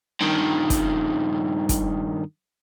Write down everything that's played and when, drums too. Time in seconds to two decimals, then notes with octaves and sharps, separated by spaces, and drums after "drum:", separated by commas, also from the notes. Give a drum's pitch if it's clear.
0.21 G2 D#3
0.70 drum: kick, hi-hat
1.69 drum: kick, hi-hat